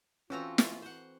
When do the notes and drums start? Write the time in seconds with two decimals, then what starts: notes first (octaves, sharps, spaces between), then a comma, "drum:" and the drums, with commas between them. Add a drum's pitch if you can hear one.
0.30 E3 C4 C#4 F4 F#4 A4 G5 A#5
0.58 drum: snare
0.82 C5 F#5